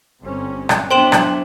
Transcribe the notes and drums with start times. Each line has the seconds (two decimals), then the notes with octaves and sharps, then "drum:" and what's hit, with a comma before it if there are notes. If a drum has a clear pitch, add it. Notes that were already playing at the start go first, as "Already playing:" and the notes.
0.20 G1 C4 C#4
0.69 drum: rim click
0.91 F#3 B3 D4 E4 C5 G5 C6 E7
1.12 drum: rim click